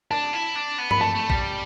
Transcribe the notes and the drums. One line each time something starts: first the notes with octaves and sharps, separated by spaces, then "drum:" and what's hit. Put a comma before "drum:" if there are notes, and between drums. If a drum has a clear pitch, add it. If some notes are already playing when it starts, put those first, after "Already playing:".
D4 A5
E4
D4
B3
B5, drum: tom G2
A3 A5
A3
G3, drum: kick